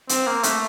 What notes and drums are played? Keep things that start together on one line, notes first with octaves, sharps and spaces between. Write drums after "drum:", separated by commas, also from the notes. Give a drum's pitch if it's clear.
C4, drum: hi-hat
A#3
A3, drum: hi-hat